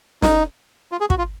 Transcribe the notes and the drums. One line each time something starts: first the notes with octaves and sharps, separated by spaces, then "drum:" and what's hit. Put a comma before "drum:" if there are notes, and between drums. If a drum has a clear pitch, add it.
D#4, drum: snare
F4
G#4
F#4, drum: kick
F4